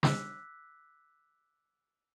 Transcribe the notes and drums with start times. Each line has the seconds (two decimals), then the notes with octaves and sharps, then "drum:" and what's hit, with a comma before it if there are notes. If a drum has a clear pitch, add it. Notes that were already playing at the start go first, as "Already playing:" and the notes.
0.03 D6 E6 F#6 B6, drum: snare